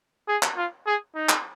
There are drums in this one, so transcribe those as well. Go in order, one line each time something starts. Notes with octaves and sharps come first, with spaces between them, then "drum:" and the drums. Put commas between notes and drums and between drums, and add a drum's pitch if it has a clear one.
G#4
drum: clap
F4
G#4
D#4
drum: clap